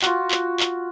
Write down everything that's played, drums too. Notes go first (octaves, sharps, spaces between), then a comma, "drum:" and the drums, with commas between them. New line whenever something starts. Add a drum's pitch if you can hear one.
F4 F#4, drum: clap
drum: clap
drum: clap